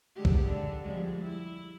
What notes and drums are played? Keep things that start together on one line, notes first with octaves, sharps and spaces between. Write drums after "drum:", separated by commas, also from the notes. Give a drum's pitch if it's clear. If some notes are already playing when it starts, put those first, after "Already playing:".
D3 G#3 G4
drum: kick B1
D3
F2 G3 G#3
E4